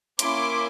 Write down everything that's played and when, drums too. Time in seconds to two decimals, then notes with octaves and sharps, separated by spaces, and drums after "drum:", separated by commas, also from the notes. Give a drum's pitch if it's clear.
0.19 A#3 C#4 E4 C6 D6, drum: hi-hat